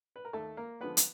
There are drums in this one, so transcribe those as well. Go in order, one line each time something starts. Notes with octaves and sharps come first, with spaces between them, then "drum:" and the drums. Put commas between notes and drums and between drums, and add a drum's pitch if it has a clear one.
B4
A#4
D#2 A3 A4
A#3 A#4
D3 F3 G#3 B3 B4
drum: hi-hat